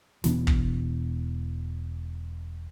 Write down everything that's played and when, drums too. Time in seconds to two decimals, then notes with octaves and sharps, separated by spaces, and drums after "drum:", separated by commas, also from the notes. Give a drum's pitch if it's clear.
0.24 E1 B2 E3 B3, drum: snare
0.47 drum: kick